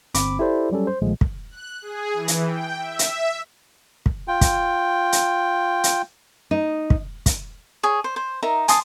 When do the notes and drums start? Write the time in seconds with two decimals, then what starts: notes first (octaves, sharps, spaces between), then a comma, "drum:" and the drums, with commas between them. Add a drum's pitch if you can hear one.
0.14 G1 C4 B5 D6, drum: hi-hat
0.39 E4 G4 A4 C5 D5
0.71 F#3 G3 C#4 A4
0.87 C5
1.02 B1 A#2 D#3 F3 G#3 A3
1.21 drum: kick
1.50 F#6
1.82 G#4
2.13 E3
2.28 drum: hi-hat
2.44 G5
2.78 E5
2.99 drum: hi-hat
4.06 drum: kick
4.28 F4 G5
4.41 drum: kick, hi-hat
5.12 drum: hi-hat
5.84 drum: hi-hat
6.51 D#4
6.90 drum: kick
7.26 drum: kick, hi-hat
7.83 G#4 C#5
8.04 C5
8.16 C5
8.43 D#4 A#4 E5 A#5
8.68 G#5 A5 C6 D#6, drum: hi-hat